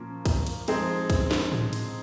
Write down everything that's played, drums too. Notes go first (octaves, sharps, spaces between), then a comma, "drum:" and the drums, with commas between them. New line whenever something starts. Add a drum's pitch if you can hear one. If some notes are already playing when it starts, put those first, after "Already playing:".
Already playing: A#2 F3 A#3 C#4
drum: kick, cymbal
drum: cymbal
F3 G#3 C4 D#4 G#4, drum: cymbal
drum: kick, cymbal
drum: snare
drum: tom A2
drum: cymbal